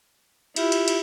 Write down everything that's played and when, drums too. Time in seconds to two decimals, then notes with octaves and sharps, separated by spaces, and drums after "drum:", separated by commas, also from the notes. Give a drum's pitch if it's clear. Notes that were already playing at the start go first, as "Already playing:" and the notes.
0.56 E4 F4 G4 E5, drum: cymbal
0.72 drum: cymbal
0.88 drum: cymbal